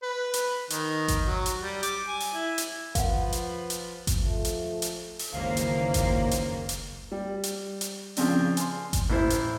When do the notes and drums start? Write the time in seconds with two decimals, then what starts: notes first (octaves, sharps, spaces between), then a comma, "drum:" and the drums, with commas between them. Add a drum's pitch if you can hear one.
0.03 B4
0.34 drum: hi-hat
0.70 D#3, drum: hi-hat
1.08 drum: kick G#1, hi-hat
1.26 F#3
1.46 drum: hi-hat
1.62 G3
1.83 D6, drum: hi-hat
2.08 G#5
2.20 drum: open hi-hat
2.34 E4
2.58 drum: hi-hat
2.95 F3 B4 F5 F#5, drum: kick G#1, hi-hat
3.32 drum: hi-hat
3.70 drum: hi-hat
4.07 drum: kick G#1, hi-hat
4.19 F3 A3
4.45 drum: hi-hat
4.82 drum: hi-hat
5.19 drum: open hi-hat
5.32 F#1 C#2 D#3 E3 A#3 C#4 C5 F5
5.57 drum: hi-hat
5.94 drum: kick G#1, hi-hat
6.31 drum: hi-hat
6.69 drum: hi-hat
7.12 G3
7.43 drum: hi-hat
7.81 drum: hi-hat
8.17 C#3 F3 C4 D4, drum: open hi-hat
8.57 G#5 C6, drum: hi-hat
8.93 drum: kick G#1, hi-hat
9.10 A1 E4 C5
9.30 drum: hi-hat